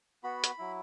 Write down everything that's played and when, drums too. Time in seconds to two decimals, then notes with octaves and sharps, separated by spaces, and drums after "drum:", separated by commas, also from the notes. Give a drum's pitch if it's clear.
0.24 B3 F#4 B5
0.44 drum: hi-hat
0.58 F#3 E4